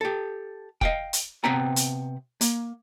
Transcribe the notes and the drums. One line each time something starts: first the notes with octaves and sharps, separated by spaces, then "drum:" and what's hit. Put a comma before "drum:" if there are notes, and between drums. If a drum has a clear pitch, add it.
G4 A4
D#5 F5 G5, drum: kick
drum: hi-hat
C3 B3 C4 B4 G5 A#5
drum: hi-hat
A#3, drum: hi-hat